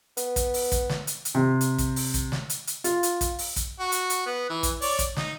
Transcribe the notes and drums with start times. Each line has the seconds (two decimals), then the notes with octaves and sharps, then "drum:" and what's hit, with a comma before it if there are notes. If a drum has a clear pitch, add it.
0.17 B3, drum: hi-hat
0.36 drum: kick, hi-hat
0.54 drum: open hi-hat
0.72 drum: kick, hi-hat
0.89 drum: snare
1.07 drum: hi-hat
1.25 drum: hi-hat
1.35 C3
1.61 drum: hi-hat
1.78 drum: kick, hi-hat
1.96 drum: open hi-hat
2.14 drum: kick, hi-hat
2.32 drum: snare
2.50 drum: hi-hat
2.67 drum: hi-hat
2.84 F4, drum: hi-hat
3.03 drum: hi-hat
3.21 drum: kick, hi-hat
3.39 drum: open hi-hat
3.56 drum: kick, hi-hat
3.80 F#4
3.92 drum: hi-hat
4.10 drum: hi-hat
4.26 B3
4.49 E3
4.63 drum: kick, hi-hat
4.82 C#5 D5, drum: open hi-hat
4.99 drum: kick, hi-hat
5.16 D#4, drum: snare